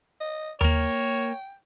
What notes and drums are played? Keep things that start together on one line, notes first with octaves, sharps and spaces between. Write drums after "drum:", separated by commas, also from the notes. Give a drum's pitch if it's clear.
D#5
A#3 A#4 C#5 G5, drum: tom D#2